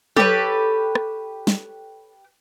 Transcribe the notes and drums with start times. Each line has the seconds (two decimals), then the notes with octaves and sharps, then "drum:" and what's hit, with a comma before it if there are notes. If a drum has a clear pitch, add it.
0.17 G4 A4 B4 C#5, drum: tom F#3
0.95 drum: rim click
1.47 drum: snare